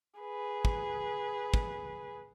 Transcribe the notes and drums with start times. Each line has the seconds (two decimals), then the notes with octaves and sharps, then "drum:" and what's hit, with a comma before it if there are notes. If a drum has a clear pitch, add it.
0.20 G#4 B4
0.65 drum: kick
1.54 drum: kick